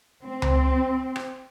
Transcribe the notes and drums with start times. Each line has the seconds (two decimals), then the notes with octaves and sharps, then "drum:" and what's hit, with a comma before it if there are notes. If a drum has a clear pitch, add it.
0.24 C4
0.42 drum: tom C#2
1.16 drum: rim click